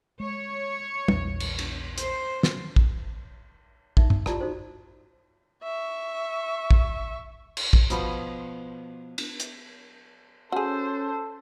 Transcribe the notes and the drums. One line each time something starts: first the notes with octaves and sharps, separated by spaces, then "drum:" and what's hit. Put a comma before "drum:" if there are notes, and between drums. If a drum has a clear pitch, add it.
G#3 C#5
A#1 E2, drum: tom
drum: cymbal
drum: cymbal
C5, drum: hi-hat
drum: snare
drum: kick
D#4 E5, drum: kick
E6, drum: tom
E4 F4 G4 D5 A5 A#5, drum: rim click
D#4 F#4 A4 C5
E5 C#6
drum: kick
drum: cymbal
drum: kick
B2 F3 B3, drum: hi-hat
drum: cymbal
drum: hi-hat
C#4 F#4 G#4 A4 C5